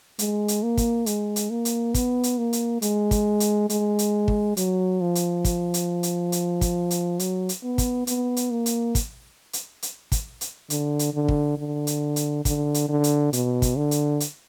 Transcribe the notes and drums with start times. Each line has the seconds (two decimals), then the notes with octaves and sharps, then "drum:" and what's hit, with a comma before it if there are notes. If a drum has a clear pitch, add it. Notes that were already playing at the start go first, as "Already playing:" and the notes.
0.19 G#3, drum: hi-hat
0.48 drum: hi-hat
0.63 A#3
0.77 drum: kick, hi-hat
1.06 G#3, drum: hi-hat
1.36 drum: hi-hat
1.50 A#3
1.65 drum: hi-hat
1.94 B3, drum: kick, hi-hat
2.23 drum: hi-hat
2.38 A#3
2.53 drum: hi-hat
2.82 G#3, drum: hi-hat
3.11 drum: kick, hi-hat
3.40 drum: hi-hat
3.70 G#3, drum: hi-hat
3.99 drum: hi-hat
4.28 drum: kick
4.57 F#3, drum: hi-hat
5.01 F3
5.15 drum: hi-hat
5.45 drum: kick, hi-hat
5.74 drum: hi-hat
6.03 drum: hi-hat
6.32 drum: hi-hat
6.61 drum: kick, hi-hat
6.91 drum: hi-hat
7.19 F#3, drum: hi-hat
7.49 drum: hi-hat
7.63 B3
7.78 drum: kick, hi-hat
8.07 B3, drum: hi-hat
8.37 drum: hi-hat
8.51 A#3
8.66 drum: hi-hat
8.95 drum: kick, hi-hat
9.53 drum: hi-hat
9.82 drum: hi-hat
10.12 drum: kick, hi-hat
10.41 drum: hi-hat
10.70 D3, drum: hi-hat
10.99 drum: hi-hat
11.14 D3
11.28 drum: kick
11.58 D3
11.87 drum: hi-hat
12.16 drum: hi-hat
12.45 D3, drum: kick, hi-hat
12.74 drum: hi-hat
12.89 D3
13.04 drum: hi-hat
13.33 B2, drum: hi-hat
13.62 drum: kick, hi-hat
13.77 D3
13.91 drum: hi-hat
14.20 drum: hi-hat